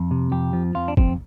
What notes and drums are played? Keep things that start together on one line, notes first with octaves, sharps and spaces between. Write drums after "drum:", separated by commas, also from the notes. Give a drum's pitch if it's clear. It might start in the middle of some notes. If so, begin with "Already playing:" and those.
Already playing: F2
C3
F2 G4
F3
F2 F4
D4
F2 C4, drum: kick